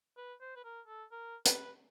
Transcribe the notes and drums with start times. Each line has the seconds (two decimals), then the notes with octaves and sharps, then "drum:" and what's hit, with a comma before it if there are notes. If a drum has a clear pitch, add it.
0.17 B4
0.41 C5
0.56 B4
0.64 A#4
0.87 A4
1.11 A#4
1.46 B4, drum: hi-hat